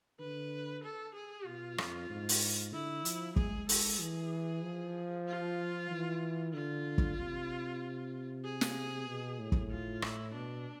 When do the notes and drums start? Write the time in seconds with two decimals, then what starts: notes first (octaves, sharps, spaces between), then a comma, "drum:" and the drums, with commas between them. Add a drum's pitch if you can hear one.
0.20 D3 B4
0.84 A4
1.15 G#4
1.46 B2 F4
1.78 F2, drum: rim click
2.10 G#2
2.29 drum: open hi-hat
2.73 D3 E4
3.05 F3, drum: hi-hat
3.36 G#3 G#4, drum: kick
3.69 A4, drum: open hi-hat
4.00 E3 G#4
4.64 F3
5.28 F4
5.91 E3
6.54 D3 F4
6.98 drum: kick
7.17 C3
8.44 G#4
8.61 drum: snare
9.07 B2
9.39 A2
9.52 drum: kick
9.71 F4
10.02 E4, drum: rim click
10.34 B2 D4